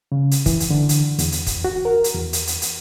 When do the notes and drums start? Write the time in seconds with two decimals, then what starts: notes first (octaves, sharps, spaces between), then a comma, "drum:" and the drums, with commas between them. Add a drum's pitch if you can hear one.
0.12 C#3
0.31 drum: hi-hat
0.46 E3, drum: kick, hi-hat
0.60 drum: hi-hat
0.70 D3
0.89 drum: hi-hat
1.19 E2, drum: hi-hat
1.32 drum: hi-hat
1.47 drum: kick, hi-hat
1.64 F#4
1.85 A#4
2.04 drum: hi-hat
2.15 E2
2.33 drum: hi-hat
2.47 drum: hi-hat
2.62 drum: hi-hat